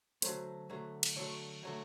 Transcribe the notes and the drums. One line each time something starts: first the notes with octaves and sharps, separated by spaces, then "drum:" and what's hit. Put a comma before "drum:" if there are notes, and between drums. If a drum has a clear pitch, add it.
D3 F#3 A3 C5, drum: hi-hat
D3 F#3 A3
drum: cymbal
D3 F#3 A3 C#5
D3 F#3 A3